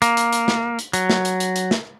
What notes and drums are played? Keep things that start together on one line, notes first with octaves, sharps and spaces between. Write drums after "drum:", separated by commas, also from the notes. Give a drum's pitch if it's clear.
A#3, drum: hi-hat
drum: hi-hat
drum: hi-hat
drum: snare
drum: hi-hat
F#3, drum: hi-hat
drum: snare
drum: hi-hat
drum: hi-hat
drum: hi-hat
drum: snare